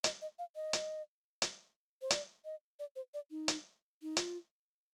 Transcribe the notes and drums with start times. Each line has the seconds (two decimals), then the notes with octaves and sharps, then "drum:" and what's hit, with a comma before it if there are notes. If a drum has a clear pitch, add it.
0.04 D#5, drum: hi-hat
0.22 D#5
0.39 F5
0.56 D#5
0.73 drum: hi-hat
1.42 drum: hi-hat
2.02 C5
2.10 D5, drum: hi-hat
2.45 D#5
2.79 D5
2.96 C5
3.14 D5
3.31 D#4
3.48 drum: hi-hat
4.02 D#4
4.17 F4, drum: hi-hat